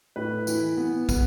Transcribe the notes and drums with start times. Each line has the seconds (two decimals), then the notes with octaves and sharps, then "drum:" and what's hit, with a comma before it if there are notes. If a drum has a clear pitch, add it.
0.16 A2 B4
0.47 E3, drum: tambourine
0.77 B3
1.09 B3, drum: kick, tambourine